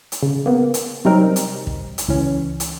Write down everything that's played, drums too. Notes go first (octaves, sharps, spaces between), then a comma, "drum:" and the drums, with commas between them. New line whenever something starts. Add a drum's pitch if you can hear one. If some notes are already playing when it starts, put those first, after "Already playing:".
drum: hi-hat
C#3
A#3 B3
drum: hi-hat
C3 F#3 G3 C4 D#4 A#4
drum: hi-hat
drum: kick
drum: hi-hat
C#2 E3 C#4
drum: hi-hat